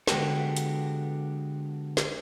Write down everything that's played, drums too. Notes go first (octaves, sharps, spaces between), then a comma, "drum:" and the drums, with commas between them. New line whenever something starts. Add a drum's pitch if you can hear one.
D3 G#3 B3 F#4 G4 A4, drum: snare
drum: hi-hat
drum: snare